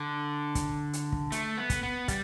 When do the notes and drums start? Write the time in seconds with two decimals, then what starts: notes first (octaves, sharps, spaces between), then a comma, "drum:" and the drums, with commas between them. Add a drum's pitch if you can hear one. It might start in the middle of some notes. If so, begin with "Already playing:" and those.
Already playing: D3
0.55 drum: kick, hi-hat
0.93 drum: hi-hat
1.12 drum: kick
1.32 A3, drum: hi-hat
1.57 B3
1.70 drum: kick, hi-hat
1.83 B3
2.08 G3, drum: kick, hi-hat